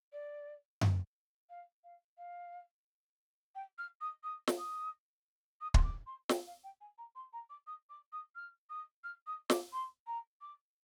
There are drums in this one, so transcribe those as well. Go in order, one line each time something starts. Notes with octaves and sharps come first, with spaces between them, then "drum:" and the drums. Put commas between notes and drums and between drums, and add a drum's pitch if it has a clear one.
D5
drum: tom F#2
F5
F5
F5
G5
F6
D#6
D#6
drum: snare
D#6
D#6
C6, drum: kick
D6
C6
G5, drum: snare
F5
G5
G#5
A#5
C6
A#5
D6
D#6
D6
D#6
F6
D#6
F6
D#6
D6, drum: snare
C6
A#5
D6